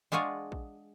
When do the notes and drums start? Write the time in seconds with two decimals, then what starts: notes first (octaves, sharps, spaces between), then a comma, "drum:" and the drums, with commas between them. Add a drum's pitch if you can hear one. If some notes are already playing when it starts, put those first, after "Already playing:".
0.12 G#3 D4 F4 F#4 G#4
0.52 drum: kick